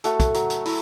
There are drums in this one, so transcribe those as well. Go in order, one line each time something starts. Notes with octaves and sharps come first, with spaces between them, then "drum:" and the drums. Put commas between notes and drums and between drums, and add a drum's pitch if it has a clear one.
A3 F#4 A4, drum: hi-hat
drum: kick, hi-hat
F#3, drum: hi-hat
drum: hi-hat
E4, drum: open hi-hat